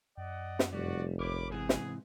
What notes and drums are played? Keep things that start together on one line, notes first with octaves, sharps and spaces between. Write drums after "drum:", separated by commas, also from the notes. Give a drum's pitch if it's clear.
F#2 D5 D#5 F#5
drum: snare
F1 G3 F#4 D5
G#1 A#4 C#5 B5 D6
G#2 C3 E3 B3 G#4
drum: snare